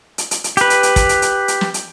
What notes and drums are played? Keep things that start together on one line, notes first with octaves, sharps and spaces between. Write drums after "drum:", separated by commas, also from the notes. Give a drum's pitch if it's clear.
drum: hi-hat
drum: hi-hat
drum: hi-hat
G4 B4, drum: hi-hat
drum: hi-hat
drum: hi-hat
drum: kick, hi-hat
drum: hi-hat
drum: hi-hat
drum: hi-hat
drum: snare
drum: hi-hat